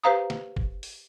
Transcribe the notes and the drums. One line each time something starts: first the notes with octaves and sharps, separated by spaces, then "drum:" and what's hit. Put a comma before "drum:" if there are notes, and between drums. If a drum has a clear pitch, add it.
G4 B4 C5 F5 A#5 D#6
drum: snare
drum: kick
drum: open hi-hat